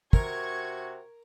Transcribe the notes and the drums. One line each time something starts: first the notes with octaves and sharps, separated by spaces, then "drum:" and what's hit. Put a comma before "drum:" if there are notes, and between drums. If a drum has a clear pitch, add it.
C3 F#4 A#4 A#5 C#6 G#6, drum: kick